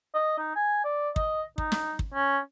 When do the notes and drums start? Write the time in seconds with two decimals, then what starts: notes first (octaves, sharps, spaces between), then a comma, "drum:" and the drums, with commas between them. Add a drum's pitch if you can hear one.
0.15 D#5
0.38 D#4
0.55 G#5
0.84 D5
1.16 D#5, drum: kick
1.58 D#4, drum: kick
1.72 drum: snare
1.99 drum: kick
2.14 C#4